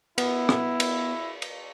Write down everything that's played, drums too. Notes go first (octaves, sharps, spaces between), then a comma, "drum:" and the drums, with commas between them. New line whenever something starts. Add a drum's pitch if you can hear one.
B3 E4, drum: cymbal
drum: rim click
drum: cymbal
drum: cymbal